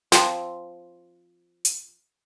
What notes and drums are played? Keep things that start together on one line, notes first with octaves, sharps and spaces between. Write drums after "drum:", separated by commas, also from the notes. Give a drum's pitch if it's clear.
F3 C4, drum: snare
drum: hi-hat